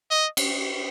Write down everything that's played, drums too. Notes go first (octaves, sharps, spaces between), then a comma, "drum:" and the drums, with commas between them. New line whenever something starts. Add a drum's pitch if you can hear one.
D#5
drum: cymbal